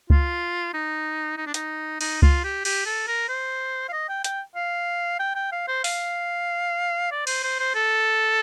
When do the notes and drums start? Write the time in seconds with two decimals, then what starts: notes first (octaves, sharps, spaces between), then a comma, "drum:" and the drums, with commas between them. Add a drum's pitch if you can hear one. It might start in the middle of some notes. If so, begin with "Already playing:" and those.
0.10 F4, drum: kick C#2
0.74 D#4
1.37 D#4
1.46 D4
1.54 D#4, drum: hi-hat
2.01 D#4, drum: cymbal
2.22 F4, drum: kick C#2
2.44 G4
2.65 G4, drum: cymbal
2.86 A4
3.08 A#4
3.29 C5
3.89 F5
3.93 D#5
4.09 G5
4.24 G5, drum: hi-hat
4.56 F5
5.20 G5
5.35 G5
5.52 F5
5.68 C5
5.84 F5, drum: open hi-hat
7.12 D5
7.27 C5, drum: cymbal
7.43 C5
7.60 C5
7.75 A4